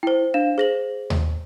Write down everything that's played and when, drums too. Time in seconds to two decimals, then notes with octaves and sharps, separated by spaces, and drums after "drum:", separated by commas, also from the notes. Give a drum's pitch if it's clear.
0.03 E4 C5 G5
0.34 D4 F5 E7
0.58 G#4 C5 A#6 F#7
1.10 drum: tom D#2